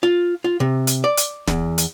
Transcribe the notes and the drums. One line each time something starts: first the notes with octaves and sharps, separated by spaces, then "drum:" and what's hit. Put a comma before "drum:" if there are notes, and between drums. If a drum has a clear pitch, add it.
F4
F4
C3
drum: hi-hat
D5
drum: hi-hat
E2, drum: snare
drum: hi-hat